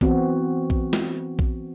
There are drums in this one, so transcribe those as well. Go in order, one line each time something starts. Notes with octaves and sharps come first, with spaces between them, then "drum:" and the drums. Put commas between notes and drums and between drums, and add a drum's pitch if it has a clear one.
E3 B3 C4 F#4, drum: kick A#1
drum: kick A#1
drum: snare
drum: kick A#1